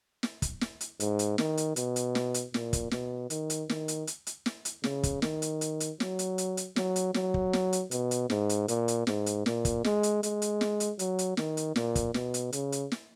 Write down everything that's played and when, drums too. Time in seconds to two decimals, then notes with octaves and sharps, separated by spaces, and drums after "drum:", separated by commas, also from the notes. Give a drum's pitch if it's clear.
0.23 drum: snare
0.42 drum: kick, hi-hat
0.61 drum: snare
0.81 drum: hi-hat
1.00 G#2, drum: hi-hat
1.19 drum: hi-hat
1.38 D#3, drum: snare
1.57 drum: hi-hat
1.76 B2, drum: hi-hat
1.96 drum: hi-hat
2.15 drum: snare
2.34 drum: hi-hat
2.54 A#2, drum: snare
2.73 drum: kick, hi-hat
2.91 B2, drum: snare
3.30 D#3, drum: hi-hat
3.50 drum: hi-hat
3.69 D#3, drum: snare
3.88 drum: hi-hat
4.07 drum: hi-hat
4.27 drum: hi-hat
4.46 drum: snare
4.65 drum: hi-hat
4.84 C#3, drum: snare
5.03 drum: kick, hi-hat
5.22 D#3, drum: snare
5.42 drum: hi-hat
5.61 drum: hi-hat
5.80 drum: hi-hat
6.00 F#3, drum: snare
6.19 drum: hi-hat
6.38 drum: hi-hat
6.57 drum: hi-hat
6.76 F#3, drum: snare
6.96 drum: hi-hat
7.14 F#3, drum: snare
7.34 drum: kick
7.53 drum: snare
7.73 drum: hi-hat
7.91 B2, drum: hi-hat
8.11 drum: hi-hat
8.30 G#2, drum: snare
8.49 drum: hi-hat
8.68 A#2, drum: hi-hat
8.88 drum: hi-hat
9.07 G#2, drum: snare
9.26 drum: hi-hat
9.46 A#2, drum: snare
9.65 drum: kick, hi-hat
9.84 G#3, drum: snare
10.03 drum: hi-hat
10.23 G#3, drum: hi-hat
10.42 drum: hi-hat
10.61 drum: snare
10.80 drum: hi-hat
10.99 F#3, drum: hi-hat
11.19 drum: hi-hat
11.37 D#3, drum: snare
11.57 drum: hi-hat
11.76 A#2, drum: snare
11.95 drum: kick, hi-hat
12.14 B2, drum: snare
12.34 drum: hi-hat
12.52 C#3, drum: hi-hat
12.72 drum: hi-hat
12.92 drum: snare